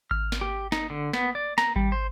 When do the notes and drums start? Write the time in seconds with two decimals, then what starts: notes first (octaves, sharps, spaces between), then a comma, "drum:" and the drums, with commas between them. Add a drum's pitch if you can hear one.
0.11 F6, drum: kick G#1
0.32 drum: snare
0.41 G4
0.72 D#4, drum: snare
0.90 D3
1.13 B3, drum: snare
1.35 D5
1.58 A#5, drum: snare
1.76 G3, drum: kick G#1
1.92 C5